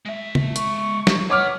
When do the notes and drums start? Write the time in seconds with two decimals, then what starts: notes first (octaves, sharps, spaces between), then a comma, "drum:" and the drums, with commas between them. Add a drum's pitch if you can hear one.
0.06 G#3 E5
0.35 drum: tom
0.56 C#6, drum: hi-hat
1.07 drum: snare
1.30 B3 C#5 D6 F6